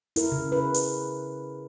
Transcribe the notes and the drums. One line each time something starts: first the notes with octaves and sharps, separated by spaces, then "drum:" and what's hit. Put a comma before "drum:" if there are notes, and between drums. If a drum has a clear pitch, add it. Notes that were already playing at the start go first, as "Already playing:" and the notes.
E4 A#4, drum: hi-hat
C#3
B4
drum: hi-hat